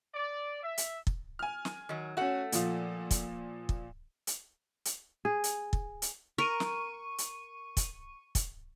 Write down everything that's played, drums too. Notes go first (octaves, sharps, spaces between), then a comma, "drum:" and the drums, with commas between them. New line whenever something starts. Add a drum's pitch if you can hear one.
D5
E5
drum: hi-hat
drum: kick
G#5 F6
drum: snare
D#3 F#3
A3 C#4 F#4 F#5
A#2 F3, drum: hi-hat
drum: kick, hi-hat
drum: kick
drum: hi-hat
drum: hi-hat
G#4
drum: hi-hat
drum: kick
drum: hi-hat
A#4 C#6 D#7
drum: snare
drum: hi-hat
drum: kick, hi-hat
drum: kick, hi-hat